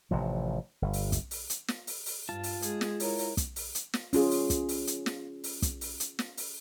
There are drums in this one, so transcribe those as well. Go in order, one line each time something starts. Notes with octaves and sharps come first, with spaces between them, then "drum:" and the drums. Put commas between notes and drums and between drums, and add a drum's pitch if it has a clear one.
A1 C3 F3
G1
drum: open hi-hat
drum: kick, hi-hat
drum: open hi-hat
drum: hi-hat
drum: snare
drum: open hi-hat
drum: open hi-hat
G2 F4 A5
drum: open hi-hat
G#3 G#4, drum: hi-hat
drum: snare
E4 A#4 C#5, drum: open hi-hat
drum: open hi-hat
drum: kick, hi-hat
drum: open hi-hat
drum: hi-hat
drum: snare
C#4 F4 G#4, drum: open hi-hat
drum: open hi-hat
drum: kick, hi-hat
drum: open hi-hat
drum: hi-hat
drum: snare
drum: open hi-hat
drum: kick, hi-hat
drum: open hi-hat
drum: hi-hat
drum: snare
drum: open hi-hat